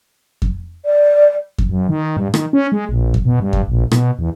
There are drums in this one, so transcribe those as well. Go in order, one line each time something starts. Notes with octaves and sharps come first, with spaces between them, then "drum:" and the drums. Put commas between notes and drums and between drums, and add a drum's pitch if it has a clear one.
drum: kick F2
D5
drum: kick F2
F#2
D#3
G2
D#3, drum: rim click
C#4
G#3
A#1
drum: kick F2
B2
G2
drum: kick F2
A#1
B2, drum: rim click
E2